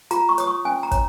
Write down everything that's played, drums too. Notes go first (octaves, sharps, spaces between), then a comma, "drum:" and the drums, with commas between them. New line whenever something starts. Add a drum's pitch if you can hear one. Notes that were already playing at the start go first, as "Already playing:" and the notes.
F4 A#5, drum: hi-hat
C#6
C#5 D#6, drum: hi-hat
C#6
C#4 G#5
A#5
C#5, drum: kick, hi-hat